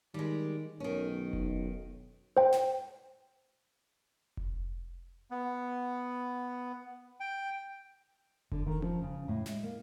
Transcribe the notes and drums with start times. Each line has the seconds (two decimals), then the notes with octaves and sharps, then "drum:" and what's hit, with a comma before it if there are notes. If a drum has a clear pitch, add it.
0.14 D#3 G3 G#3
0.80 B1 D#3 C#4
1.33 drum: kick F1
2.37 C5 G5
2.53 drum: snare
4.37 drum: kick F1
5.31 B3
7.20 G5
8.52 D3, drum: kick F1
8.66 D#3
8.82 F3, drum: tom C#4
9.02 C#3
9.28 A2
9.46 G#3, drum: snare
9.63 A#3